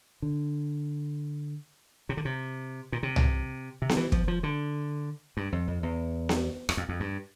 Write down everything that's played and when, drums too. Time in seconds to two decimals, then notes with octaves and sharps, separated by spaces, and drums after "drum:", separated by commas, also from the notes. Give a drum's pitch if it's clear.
0.22 D3
2.09 C3
2.17 D3
2.25 C3
2.92 A#2
3.03 C3
3.16 drum: tom C2
3.82 C3
3.89 D3, drum: snare B3
3.97 E3
4.12 F3, drum: kick
4.28 F3
4.43 D3
5.37 G2
5.52 F2
5.68 F2
5.83 E2
6.29 drum: snare B3
6.69 E2, drum: rim click
6.77 F2
6.89 F2
7.00 G2